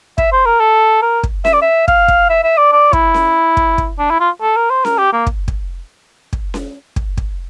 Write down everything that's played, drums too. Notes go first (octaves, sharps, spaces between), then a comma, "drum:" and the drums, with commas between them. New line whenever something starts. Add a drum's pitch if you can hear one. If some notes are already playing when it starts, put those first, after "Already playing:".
E5, drum: kick
C5
A#4
A4
A#4
drum: kick
E5, drum: snare C#4
D5
E5
F5, drum: kick
drum: kick
E5
E5
D5
D5
E4, drum: kick
drum: snare C#4
drum: kick
drum: kick
D4
E4
F4
A4
A#4
C5
A#4, drum: snare C#4
G4
A#3
drum: kick
drum: kick
drum: kick
drum: snare C#4
drum: kick
drum: kick